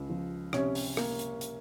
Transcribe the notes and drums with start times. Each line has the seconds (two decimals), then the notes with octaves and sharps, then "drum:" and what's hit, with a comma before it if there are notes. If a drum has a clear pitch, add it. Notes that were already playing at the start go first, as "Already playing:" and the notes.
Already playing: C#2
0.09 F3
0.53 C3 C#4 C#5, drum: rim click
0.75 drum: open hi-hat
0.97 A#3, drum: rim click
1.19 drum: hi-hat
1.41 drum: hi-hat